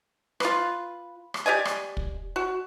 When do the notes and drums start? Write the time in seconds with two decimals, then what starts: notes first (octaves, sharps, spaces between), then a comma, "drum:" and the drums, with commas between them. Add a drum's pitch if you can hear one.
0.40 F4 B4, drum: rim click
1.34 drum: rim click
1.46 G4 D5 D#5 G#5
1.65 drum: rim click
1.97 drum: kick
2.36 F#4